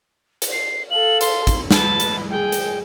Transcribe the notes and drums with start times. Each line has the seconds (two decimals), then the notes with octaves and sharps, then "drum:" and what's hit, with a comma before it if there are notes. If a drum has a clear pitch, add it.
0.42 drum: hi-hat
0.52 C7
0.91 A4 F5 F#7
1.21 C6, drum: hi-hat
1.47 drum: kick, hi-hat
1.71 B4 A5, drum: snare
2.00 drum: hi-hat
2.31 G#4 G5
2.52 drum: hi-hat